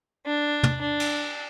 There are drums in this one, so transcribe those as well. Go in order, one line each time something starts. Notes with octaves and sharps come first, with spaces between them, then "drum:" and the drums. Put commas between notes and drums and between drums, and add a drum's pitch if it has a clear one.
D4
drum: tom
D4
drum: cymbal